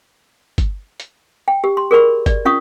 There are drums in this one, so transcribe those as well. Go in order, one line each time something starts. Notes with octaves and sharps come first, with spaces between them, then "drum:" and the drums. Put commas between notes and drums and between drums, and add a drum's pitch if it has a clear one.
drum: kick G1, hi-hat
drum: hi-hat
G5
G4
C6
G#4 A#4 D5 B5 C#6
D5, drum: kick G1, hi-hat
C#4 F4 F5 C#6 D#6